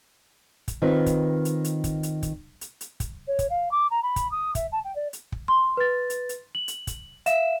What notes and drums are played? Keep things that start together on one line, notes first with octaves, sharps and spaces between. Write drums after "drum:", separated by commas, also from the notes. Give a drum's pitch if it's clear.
drum: kick, hi-hat
D#3 C4 F4 B4
drum: kick, hi-hat
drum: hi-hat
drum: hi-hat
drum: kick, hi-hat
drum: hi-hat
drum: kick, hi-hat
drum: hi-hat
drum: hi-hat
drum: kick, hi-hat
C#5
drum: kick, hi-hat
F5
D6
A#5
B5
drum: kick, hi-hat
D#6
E5, drum: kick, hi-hat
A5
G5
D5
drum: hi-hat
drum: kick
C6
B4 A6
drum: hi-hat
drum: hi-hat
F#7
drum: hi-hat
drum: kick, hi-hat
E5 F5 E7, drum: hi-hat